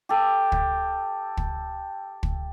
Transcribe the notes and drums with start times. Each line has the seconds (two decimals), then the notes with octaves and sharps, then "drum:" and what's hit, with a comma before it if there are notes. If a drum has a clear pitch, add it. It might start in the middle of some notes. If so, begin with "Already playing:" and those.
0.09 G4 A4
0.52 drum: kick
1.37 drum: kick
2.23 drum: kick